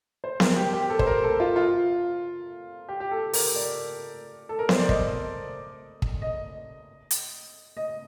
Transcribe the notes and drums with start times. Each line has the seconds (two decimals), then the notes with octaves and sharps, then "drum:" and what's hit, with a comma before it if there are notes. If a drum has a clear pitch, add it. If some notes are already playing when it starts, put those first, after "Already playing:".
0.24 C5
0.40 A#4, drum: snare B3
0.56 G4
0.73 G4
0.90 A4
0.99 C5, drum: kick
1.07 A#4
1.23 A4
1.40 F4
1.56 F4
2.89 G4
3.00 G4
3.11 A4
3.33 A#4, drum: open hi-hat
3.56 D5
4.49 A4
4.59 A#4
4.69 C5, drum: snare B3
4.79 D5
4.89 D#5, drum: kick
6.02 drum: kick
6.22 D#5
7.11 drum: hi-hat
7.77 D#5